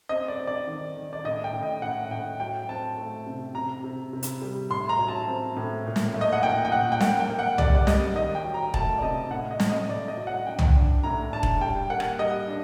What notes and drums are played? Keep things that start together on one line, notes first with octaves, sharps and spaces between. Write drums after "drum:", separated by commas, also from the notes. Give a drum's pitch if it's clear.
C4 D#5
D5
C4
D5
D#3
D#3
D5
A2 D#5
G5
A2
D#5
A2 F#5
A2 G5
F#3 G5
C4 A5
A3
C3
C3 A#5
C3
C3
drum: hi-hat
G3
A2 C6
A#5
F#3
A5
C4
A2
A#2
drum: snare
A3
D#5
F#5
A#2 G5
G5
A#2 F#5
G5
A#3 F#5, drum: snare
G5
A#3
F#5
G3 D5, drum: tom C2
D5
G3 D#5, drum: snare
D#3 D#5
G5
F#3
A#5
A3 A5, drum: kick E1
D5
C3 D#5
A2 F#5
D#5
A2, drum: snare
D#5
A2 D5
D#5
F#3
F#5
D4 G5
drum: tom C2
D4
A2 A#5
D4 A5
drum: kick E1
G3 G5
A#3 F#5
drum: rim click
G3 D#5
D4